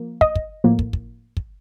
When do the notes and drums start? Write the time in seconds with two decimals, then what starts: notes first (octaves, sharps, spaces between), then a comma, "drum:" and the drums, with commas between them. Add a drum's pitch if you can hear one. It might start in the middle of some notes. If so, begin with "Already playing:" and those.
Already playing: F3 A#3
0.21 D#5, drum: kick
0.35 drum: kick
0.64 A2 F3 A#3
0.79 drum: kick
0.93 drum: kick
1.37 drum: kick